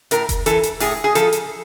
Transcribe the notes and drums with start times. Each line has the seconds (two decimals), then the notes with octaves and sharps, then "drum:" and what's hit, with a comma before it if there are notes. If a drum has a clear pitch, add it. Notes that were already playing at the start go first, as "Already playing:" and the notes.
0.11 A2 A#4, drum: hi-hat
0.29 drum: kick F1, hi-hat
0.46 E3 A4, drum: hi-hat
0.63 drum: hi-hat
0.80 A2 G#4, drum: open hi-hat
1.04 G#4
1.15 F3 A4, drum: hi-hat
1.32 drum: hi-hat